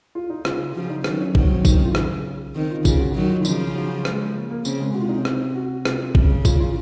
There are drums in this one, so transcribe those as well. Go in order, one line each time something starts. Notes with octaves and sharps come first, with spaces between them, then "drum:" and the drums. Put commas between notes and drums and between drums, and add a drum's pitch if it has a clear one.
F4
D#4
C#3 F4, drum: rim click
C#3 F3 F#4
D#4
D#3 F#3 C#4, drum: rim click
C#4
D#3 F#3 C4, drum: kick A1
D#3 C4, drum: kick A1, tambourine
C#4
F4
C#3, drum: rim click
D#3 C4
F4
C#3 F4, drum: kick A1, tambourine
F#4
D#3 F#3
F4
C#3 F3 D#4, drum: tambourine
F#3
G#3, drum: rim click
A#3
A#3
C#3 C4, drum: tambourine
G#3
C3 F#4
F4
D#4
C#4
C4, drum: rim click
F#4
C3 F4, drum: rim click
C#3, drum: kick A1
F4, drum: kick A1, tambourine
F4